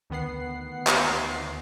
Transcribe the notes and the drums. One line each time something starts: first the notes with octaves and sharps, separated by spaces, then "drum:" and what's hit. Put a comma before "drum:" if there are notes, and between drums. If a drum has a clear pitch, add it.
D2 D#3 B3 F#5 C7
drum: clap